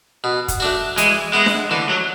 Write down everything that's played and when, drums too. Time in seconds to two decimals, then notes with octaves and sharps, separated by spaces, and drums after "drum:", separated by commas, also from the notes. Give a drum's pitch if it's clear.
0.24 B2
0.48 drum: kick, hi-hat
0.60 A3 D4 F#4
0.98 E3 G#3, drum: hi-hat
1.33 G#3 B3 E4
1.46 drum: snare D4
1.71 D3 E3
1.90 F#3